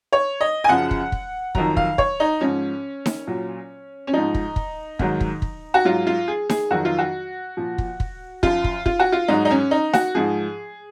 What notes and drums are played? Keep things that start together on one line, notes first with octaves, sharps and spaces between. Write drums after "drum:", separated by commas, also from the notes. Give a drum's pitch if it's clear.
C#5
D#5
G#5
F#2 C#3 F3 F#5
drum: kick
drum: kick
F2 D#3 F#3 A#5, drum: kick
F5, drum: kick
C#5, drum: kick
D#4
G#2 F3 C#4
drum: snare D#4
A#2 F#3
C#4
G#2 F3 D#4
drum: kick
drum: kick
G#2 D#3 F#3, drum: kick
drum: kick
drum: kick
F#4
G#2 F#3 F4
F4
G#4
G#4, drum: snare D#4
F2 D#3 F#3 F#4
F4
F#4
A#2 F3
drum: kick
drum: kick
F#2 F3 F4, drum: kick
drum: kick
F4, drum: kick
F#4
F4
G#2 F#3 D#4
D#4
C#4
D#4
F#4, drum: snare D#4
G#2 F3 G#4